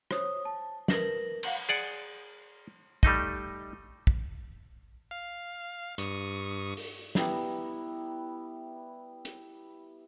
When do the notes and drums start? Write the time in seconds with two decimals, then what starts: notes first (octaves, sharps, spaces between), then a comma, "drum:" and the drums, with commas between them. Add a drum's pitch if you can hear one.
0.11 C5 C#5 D#6, drum: rim click
0.45 A5
0.88 A#4 B4 A#6 F#7, drum: snare
1.43 F5 F#5 F#7, drum: cymbal
1.69 G#4 D5 F#5
3.03 G3 A3 D#4 D#5, drum: kick
4.07 drum: kick
5.11 F5
5.98 G2 C#6 D#6, drum: hi-hat
6.77 drum: open hi-hat
7.15 G3 B3 E4 A#5, drum: snare
9.25 drum: hi-hat